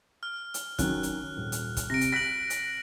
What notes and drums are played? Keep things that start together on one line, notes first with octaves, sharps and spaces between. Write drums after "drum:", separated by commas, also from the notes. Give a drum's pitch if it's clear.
F6
drum: hi-hat
D#3 F#3 C#4 F#6, drum: kick, hi-hat
drum: hi-hat
D#1
drum: hi-hat
drum: kick, hi-hat
C3 A#6 D7
drum: hi-hat
F#6 A#6 B6 F#7
drum: hi-hat